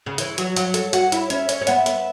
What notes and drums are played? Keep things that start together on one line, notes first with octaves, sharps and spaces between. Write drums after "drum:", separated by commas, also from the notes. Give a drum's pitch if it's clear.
C#3
E3 C#5, drum: hi-hat
F#3, drum: hi-hat
F#3, drum: hi-hat
A4, drum: hi-hat
F#4, drum: hi-hat
E4, drum: hi-hat
C#4 E5, drum: hi-hat
C#4 C#5, drum: hi-hat
C#4
B3 E5 F#5, drum: hi-hat
B3, drum: hi-hat